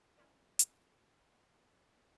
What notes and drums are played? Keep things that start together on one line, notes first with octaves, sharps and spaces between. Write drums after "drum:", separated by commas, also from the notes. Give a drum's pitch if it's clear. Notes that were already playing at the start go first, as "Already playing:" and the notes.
E3 C4 C#4 A#4 D5 E7
drum: hi-hat